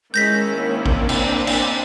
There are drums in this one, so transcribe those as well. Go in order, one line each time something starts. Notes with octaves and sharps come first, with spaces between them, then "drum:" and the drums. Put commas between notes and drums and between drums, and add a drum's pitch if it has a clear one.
D#3 G#3 C#4 E4 G6 A#6 B6
A#3 C4 D4
drum: kick G#1
drum: cymbal
drum: cymbal